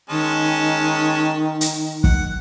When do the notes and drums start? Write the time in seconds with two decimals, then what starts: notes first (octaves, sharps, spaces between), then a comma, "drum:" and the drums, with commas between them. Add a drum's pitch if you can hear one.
0.10 D#3 G#3 C#4 A5
1.61 drum: hi-hat
2.04 F#5, drum: kick